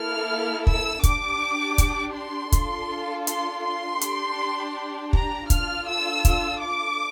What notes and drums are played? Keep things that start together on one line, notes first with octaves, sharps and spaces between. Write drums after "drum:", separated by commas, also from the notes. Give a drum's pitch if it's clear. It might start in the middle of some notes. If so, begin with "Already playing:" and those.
Already playing: A#3 E4 A4 F6
E6, drum: kick
D4 G4 D6, drum: kick, hi-hat
drum: kick, hi-hat
C6
D4 F4 A4, drum: kick, hi-hat
C6, drum: hi-hat
C6
D4 G4, drum: hi-hat
A#5, drum: kick
D4 F4 A4 F6, drum: kick, hi-hat
E6
drum: kick, hi-hat
D6